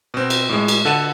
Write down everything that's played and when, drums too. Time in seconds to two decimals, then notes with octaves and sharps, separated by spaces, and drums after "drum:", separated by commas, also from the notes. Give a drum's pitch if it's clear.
0.14 B2 C4
0.30 drum: cymbal
0.49 A2 G#3
0.68 drum: cymbal
0.85 D3 A4 F#5 D#7 E7